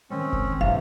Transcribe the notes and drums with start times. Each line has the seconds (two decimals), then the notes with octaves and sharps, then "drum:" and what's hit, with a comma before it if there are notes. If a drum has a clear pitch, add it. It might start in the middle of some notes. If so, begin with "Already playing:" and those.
0.10 D#3 G#3 C4 C#4
0.33 drum: kick F1
0.61 G1 A2 C3 E3 F5